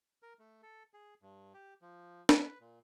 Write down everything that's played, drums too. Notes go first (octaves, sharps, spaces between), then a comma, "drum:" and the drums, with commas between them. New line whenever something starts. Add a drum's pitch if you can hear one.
A#4
A3
A4
G#4
G2
G4
F3
B4, drum: snare D4
A#2